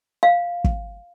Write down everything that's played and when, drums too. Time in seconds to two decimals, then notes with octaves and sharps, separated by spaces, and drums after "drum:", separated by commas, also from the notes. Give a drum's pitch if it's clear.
0.23 F5
0.64 drum: kick